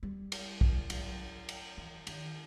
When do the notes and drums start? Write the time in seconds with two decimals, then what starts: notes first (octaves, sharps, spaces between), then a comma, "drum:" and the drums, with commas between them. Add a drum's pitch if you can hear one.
0.03 G3
0.32 drum: cymbal
0.61 drum: kick
0.90 F#3, drum: cymbal
1.49 drum: cymbal
1.77 E3
2.07 D#3, drum: cymbal